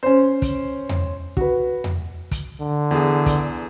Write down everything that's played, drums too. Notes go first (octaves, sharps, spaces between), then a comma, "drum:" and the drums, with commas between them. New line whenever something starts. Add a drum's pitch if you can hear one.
C#4 C5
drum: kick, hi-hat
drum: tom E2
F#4 B4, drum: kick
drum: tom E2
drum: kick, hi-hat
D3
E2 G#4
drum: kick, hi-hat